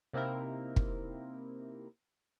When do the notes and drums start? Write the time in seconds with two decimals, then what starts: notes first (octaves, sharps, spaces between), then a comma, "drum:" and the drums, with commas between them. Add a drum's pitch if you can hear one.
0.13 C3 A#3 C4 D#4 E4 A#4
0.76 drum: kick